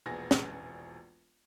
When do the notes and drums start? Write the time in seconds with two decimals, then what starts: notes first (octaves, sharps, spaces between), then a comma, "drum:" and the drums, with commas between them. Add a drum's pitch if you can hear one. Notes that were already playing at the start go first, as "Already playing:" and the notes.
0.06 E1 A#1 B3 G#4 G#5 A#6
0.31 drum: snare